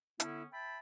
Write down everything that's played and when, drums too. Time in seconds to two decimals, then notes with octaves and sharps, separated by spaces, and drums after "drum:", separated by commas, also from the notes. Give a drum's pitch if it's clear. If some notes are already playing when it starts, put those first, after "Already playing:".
0.20 D3 B3 C#4 E4, drum: hi-hat
0.53 E5 G5 A5 B5